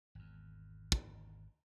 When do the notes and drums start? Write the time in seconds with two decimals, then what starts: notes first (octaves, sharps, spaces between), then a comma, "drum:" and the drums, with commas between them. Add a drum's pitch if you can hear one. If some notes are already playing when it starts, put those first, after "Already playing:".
0.15 G#1 E2
0.92 drum: kick